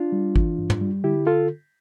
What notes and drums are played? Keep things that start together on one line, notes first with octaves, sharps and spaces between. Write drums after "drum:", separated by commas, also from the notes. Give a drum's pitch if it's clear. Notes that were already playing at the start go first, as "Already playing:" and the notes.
Already playing: D4 F4
G3
E3, drum: kick G#1
G2
drum: tom
G3
D3 E4 G4
F4 A4